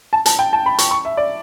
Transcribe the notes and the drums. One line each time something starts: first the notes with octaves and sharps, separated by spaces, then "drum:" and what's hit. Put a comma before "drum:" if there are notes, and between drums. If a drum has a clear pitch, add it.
A5
A5, drum: hi-hat
G5
A5
B5
C#6, drum: hi-hat
C#6
E5
D5